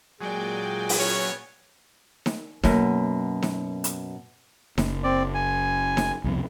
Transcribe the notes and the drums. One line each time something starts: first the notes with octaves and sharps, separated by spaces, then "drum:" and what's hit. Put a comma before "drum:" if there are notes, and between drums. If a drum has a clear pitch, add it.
A#2 F#3 G#3 G#4 D5 G5 G#5
drum: open hi-hat
F#3 B3 C#4 C#5
drum: snare D#4
F#2 B2 A#3 B3, drum: snare D#4
drum: snare D#4
drum: hi-hat
F#1, drum: snare D#4
C4 D5
G#5
drum: snare D#4
C2 F2 B2